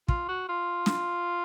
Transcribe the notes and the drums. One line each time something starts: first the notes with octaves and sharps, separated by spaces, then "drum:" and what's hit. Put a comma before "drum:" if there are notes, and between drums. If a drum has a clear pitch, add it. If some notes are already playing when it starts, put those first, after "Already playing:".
F4, drum: kick
F#4
F4
drum: snare